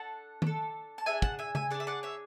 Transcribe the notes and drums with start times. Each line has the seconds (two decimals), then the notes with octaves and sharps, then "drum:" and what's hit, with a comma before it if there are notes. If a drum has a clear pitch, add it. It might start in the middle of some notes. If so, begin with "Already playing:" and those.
Already playing: D4 A4 F#5 A5
0.42 D4 A4, drum: tom D#3
0.98 A5
1.06 D4 G#4 E5 G#5
1.22 F#5 A5, drum: kick
1.39 E5 G#5
1.55 E5 G#5, drum: tom C#3
1.70 D4 G#4 D5 F#5
1.80 E5
1.87 D5 F#5
2.03 C#5 E5